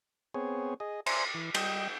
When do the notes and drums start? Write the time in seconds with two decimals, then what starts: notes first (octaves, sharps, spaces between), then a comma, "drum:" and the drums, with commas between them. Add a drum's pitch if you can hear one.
0.34 B3 C4 G#4 C#5
0.80 G#4 D#5
1.06 C5 D5 E5 G#5 A#5 C6, drum: cymbal
1.34 E3
1.54 G3 D#5 G5, drum: cymbal